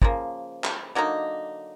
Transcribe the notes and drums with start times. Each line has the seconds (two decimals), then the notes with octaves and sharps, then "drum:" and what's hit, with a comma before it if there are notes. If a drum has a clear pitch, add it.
0.02 C#3 F3 A#3, drum: kick
0.64 drum: clap
0.95 D3 F#3 A#3 D#4